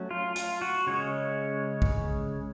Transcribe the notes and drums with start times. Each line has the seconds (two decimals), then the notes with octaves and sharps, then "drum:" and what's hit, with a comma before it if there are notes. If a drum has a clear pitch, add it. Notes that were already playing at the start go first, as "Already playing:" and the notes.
Already playing: F#3 A3 C#4
0.11 F4
0.36 F4, drum: hi-hat
0.62 F#4
0.87 C#3 G#3 C#4 C#5
1.82 drum: kick